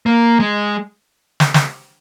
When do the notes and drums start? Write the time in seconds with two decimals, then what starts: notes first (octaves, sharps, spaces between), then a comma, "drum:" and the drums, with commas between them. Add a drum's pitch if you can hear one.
0.06 A#3
0.40 G#3
1.40 drum: snare
1.54 drum: snare